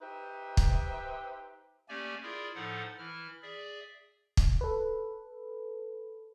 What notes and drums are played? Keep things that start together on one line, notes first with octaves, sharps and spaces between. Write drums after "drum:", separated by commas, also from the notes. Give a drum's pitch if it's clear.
D#4 G4 B4 C5 E5
drum: kick
A3 A#3 C#4 G4 D5 G#5
E4 F4 G#4 A#4 D5
A2 F3 D#4 A4 F#5
E3 E4 F6
G#4 D5 E5
drum: kick
A4 B4